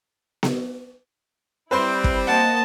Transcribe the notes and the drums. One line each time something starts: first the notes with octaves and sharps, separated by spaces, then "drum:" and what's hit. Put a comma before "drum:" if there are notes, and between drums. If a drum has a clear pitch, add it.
drum: snare B3
G3 C4 E4 B4 C5 C6
drum: kick
A#3 C5 D#5 F#5 A5